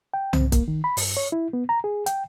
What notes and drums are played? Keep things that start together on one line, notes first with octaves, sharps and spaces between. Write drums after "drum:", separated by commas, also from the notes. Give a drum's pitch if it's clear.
G5
C4, drum: tom C2
A#3, drum: kick, hi-hat
D#3
B5
G2, drum: open hi-hat
C#5
E4
B3
A#5
G#4
G5, drum: hi-hat